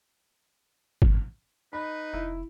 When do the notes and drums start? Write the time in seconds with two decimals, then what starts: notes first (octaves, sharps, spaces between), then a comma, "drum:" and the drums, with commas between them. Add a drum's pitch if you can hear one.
1.02 drum: kick G#1
1.73 D#4 B4 B5
2.14 F1 E4